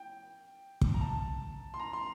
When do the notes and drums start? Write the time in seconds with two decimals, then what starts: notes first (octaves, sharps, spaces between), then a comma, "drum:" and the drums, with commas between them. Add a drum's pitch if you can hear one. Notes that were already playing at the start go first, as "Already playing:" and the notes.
Already playing: G5
0.81 drum: kick
0.94 A#5
1.01 A5
1.74 C6
1.80 A#5
1.93 C6